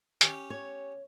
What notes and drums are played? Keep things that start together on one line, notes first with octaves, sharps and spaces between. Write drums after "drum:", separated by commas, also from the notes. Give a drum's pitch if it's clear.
C#4 G4, drum: hi-hat
C#5